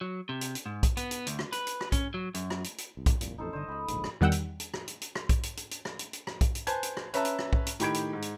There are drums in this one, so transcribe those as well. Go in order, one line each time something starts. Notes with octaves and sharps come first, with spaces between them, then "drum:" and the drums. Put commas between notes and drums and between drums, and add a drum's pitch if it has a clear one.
F#3
C3
drum: hi-hat
drum: hi-hat
G#2
drum: kick B1, hi-hat
B3, drum: hi-hat
drum: hi-hat
D2, drum: hi-hat
drum: rim click
B4, drum: hi-hat
drum: hi-hat
drum: rim click
C#4, drum: kick B1, hi-hat
F#3
F#2, drum: hi-hat
drum: rim click
drum: hi-hat
drum: hi-hat
C2
drum: kick B1, hi-hat
F1 C2 A#2, drum: hi-hat
A1 F2 D#4 A4 C5
G1 D3 D4 C5 D#5
C#2 D#5 B5
D1 A#1 G#2, drum: hi-hat
drum: rim click
E2 D#3 G3 F#5 G5 E6
drum: hi-hat
drum: hi-hat
drum: rim click
drum: hi-hat
drum: hi-hat
drum: rim click
drum: kick B1, hi-hat
drum: hi-hat
drum: hi-hat
drum: hi-hat
drum: rim click
drum: hi-hat
drum: hi-hat
drum: rim click
drum: kick B1, hi-hat
drum: hi-hat
B4 C5 G#5 A5 G#6, drum: hi-hat
drum: hi-hat
drum: rim click
C#4 B4 E5 A5 A#5, drum: hi-hat
drum: hi-hat
drum: rim click
drum: kick B1
drum: hi-hat
A2 D#3 G4 B5 G#6 D7, drum: hi-hat
drum: hi-hat
G#2
drum: hi-hat